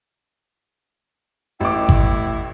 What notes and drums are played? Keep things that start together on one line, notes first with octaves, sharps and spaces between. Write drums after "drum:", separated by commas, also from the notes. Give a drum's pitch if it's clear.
A1 E4 G5 D6
drum: kick G#1